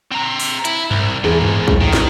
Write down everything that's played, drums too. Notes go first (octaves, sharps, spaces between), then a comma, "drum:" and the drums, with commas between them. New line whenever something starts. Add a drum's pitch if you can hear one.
C4 A#5
drum: open hi-hat
E4, drum: hi-hat
C2, drum: tom G2
E2 G#2 D#3 G#4 B4
drum: tom G2
drum: kick A#1
A2 D#3
drum: snare